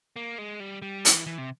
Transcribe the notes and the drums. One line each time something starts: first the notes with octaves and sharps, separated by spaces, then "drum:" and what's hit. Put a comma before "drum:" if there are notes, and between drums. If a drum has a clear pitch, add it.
A#3
G#3
G3
G3
E3, drum: hi-hat
E3
C3